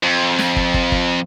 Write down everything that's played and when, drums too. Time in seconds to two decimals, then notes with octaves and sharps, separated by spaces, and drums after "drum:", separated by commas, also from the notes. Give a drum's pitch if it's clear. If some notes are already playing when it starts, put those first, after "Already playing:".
0.03 F2
0.39 drum: snare
0.56 drum: kick
0.74 drum: kick
0.92 drum: kick